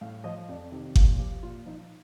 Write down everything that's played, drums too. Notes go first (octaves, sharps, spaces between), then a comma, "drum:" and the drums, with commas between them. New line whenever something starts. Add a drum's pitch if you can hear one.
A2 F5
F3 D#5
F2 D5
C3 D#3
A#2, drum: kick G1
F3 G4
A#2 F4
F3 D#4